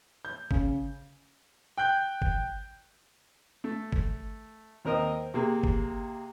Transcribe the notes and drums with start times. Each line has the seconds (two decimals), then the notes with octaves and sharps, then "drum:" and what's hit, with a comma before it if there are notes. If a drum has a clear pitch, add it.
0.25 G6
0.51 C#3, drum: kick
1.77 G5 F#6 G6
2.22 drum: kick
3.64 A3
3.92 drum: kick
4.85 D#2 C4 A#4 D#5 D#6
5.34 C3 A#3 G#4
5.63 drum: kick